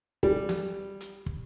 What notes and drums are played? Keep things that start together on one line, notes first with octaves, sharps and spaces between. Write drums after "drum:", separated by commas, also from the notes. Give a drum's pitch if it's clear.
G3, drum: kick
drum: snare
drum: hi-hat
drum: kick